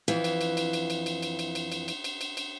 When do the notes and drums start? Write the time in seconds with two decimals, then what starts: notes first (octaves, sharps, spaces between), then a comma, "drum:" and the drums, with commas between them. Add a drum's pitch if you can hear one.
0.08 F2 E3, drum: cymbal
0.24 drum: cymbal
0.41 drum: cymbal
0.57 drum: cymbal
0.73 drum: cymbal
0.90 drum: cymbal
1.06 drum: cymbal
1.23 drum: cymbal
1.39 drum: cymbal
1.55 drum: cymbal
1.72 drum: cymbal
1.88 drum: cymbal
2.04 drum: cymbal
2.21 drum: cymbal
2.37 drum: cymbal